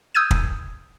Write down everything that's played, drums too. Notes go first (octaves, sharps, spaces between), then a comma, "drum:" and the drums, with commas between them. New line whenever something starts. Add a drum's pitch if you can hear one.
D#6 E6 G6 G#6 D#7
drum: kick